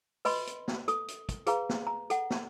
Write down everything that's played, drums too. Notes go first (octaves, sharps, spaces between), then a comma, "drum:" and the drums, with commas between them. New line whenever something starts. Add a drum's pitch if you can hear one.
B4 D#5 B5 C6, drum: open hi-hat
drum: hi-hat
drum: snare
A4 D#6, drum: hi-hat
drum: hi-hat
drum: kick, hi-hat
G#4 B4 F5 A#5, drum: hi-hat
drum: snare
A#5
A4 F#5, drum: hi-hat
drum: snare